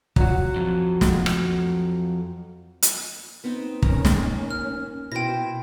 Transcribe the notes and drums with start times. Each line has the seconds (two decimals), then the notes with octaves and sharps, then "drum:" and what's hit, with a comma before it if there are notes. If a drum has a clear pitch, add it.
0.16 F#3 F#4, drum: kick
0.56 F2
1.01 drum: snare
1.26 drum: rim click
2.82 drum: hi-hat
3.44 B3 C4 D#4
3.82 C#4 A#4 A#5, drum: kick
4.05 A#3, drum: snare
4.51 F6
5.12 B2 E4 C5 G5 A#6